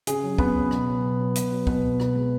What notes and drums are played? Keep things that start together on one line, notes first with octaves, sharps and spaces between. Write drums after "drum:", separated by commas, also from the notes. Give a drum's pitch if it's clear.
C#3 G#4, drum: hi-hat
F#3
C#3 B3 B4, drum: kick
F#3
B2, drum: rim click
F#3
B2
F#3
B2, drum: hi-hat
F#3
B2 B3 B4, drum: kick
F#3
B2, drum: rim click
G#3